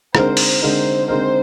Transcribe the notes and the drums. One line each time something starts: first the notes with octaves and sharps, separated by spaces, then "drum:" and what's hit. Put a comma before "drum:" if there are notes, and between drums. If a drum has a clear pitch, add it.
D3 G#3 C4 D#4 A#4 C5, drum: rim click
drum: open hi-hat
D3 G#3 C4 D#4 A#4 C5
D3 G#3 C4 D#4 A#4 C5